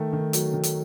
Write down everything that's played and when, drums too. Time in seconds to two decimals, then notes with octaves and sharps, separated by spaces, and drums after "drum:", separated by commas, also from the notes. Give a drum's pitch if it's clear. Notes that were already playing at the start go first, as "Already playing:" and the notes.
Already playing: D#3 A3
0.13 D#3
0.33 F#3, drum: hi-hat
0.53 D#3
0.63 drum: hi-hat